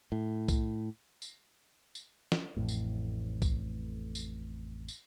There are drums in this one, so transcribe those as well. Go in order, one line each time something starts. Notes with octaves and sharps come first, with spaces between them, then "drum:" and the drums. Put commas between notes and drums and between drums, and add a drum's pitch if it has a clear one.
A2
drum: kick B1, tambourine
drum: tambourine
drum: tambourine
drum: snare
A1 F2 A2
drum: tambourine
drum: kick B1, tambourine
drum: tambourine
drum: tambourine